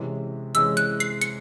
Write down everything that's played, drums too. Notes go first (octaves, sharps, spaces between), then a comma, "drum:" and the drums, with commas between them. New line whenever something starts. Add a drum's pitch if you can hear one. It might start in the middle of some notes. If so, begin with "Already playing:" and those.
Already playing: C3 E3 G#3 C#4
C3 E3 G#3 C#4 E6, drum: hi-hat
F#6, drum: hi-hat
C7, drum: hi-hat
C#7, drum: hi-hat